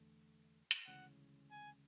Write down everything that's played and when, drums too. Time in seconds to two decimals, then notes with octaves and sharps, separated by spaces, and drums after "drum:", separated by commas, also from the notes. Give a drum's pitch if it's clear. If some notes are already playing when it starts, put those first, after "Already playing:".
Already playing: E2 D3 A3
0.71 drum: hi-hat
0.87 D2 C#3 E3 G#3 C#4 F#5
1.51 G#5